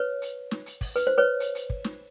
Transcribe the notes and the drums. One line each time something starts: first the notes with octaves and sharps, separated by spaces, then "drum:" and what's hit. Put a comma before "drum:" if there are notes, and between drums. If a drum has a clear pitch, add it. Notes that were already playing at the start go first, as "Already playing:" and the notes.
Already playing: B4 C#5
drum: hi-hat
drum: snare
drum: hi-hat
drum: kick, open hi-hat
B4, drum: hi-hat
C5
B4 C#5
drum: hi-hat
drum: hi-hat
drum: kick
drum: snare